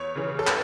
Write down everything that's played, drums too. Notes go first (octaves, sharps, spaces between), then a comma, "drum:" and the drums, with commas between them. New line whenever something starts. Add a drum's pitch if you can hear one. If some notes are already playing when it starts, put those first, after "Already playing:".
Already playing: E2 C#5
C#3 E3
A4
B4, drum: clap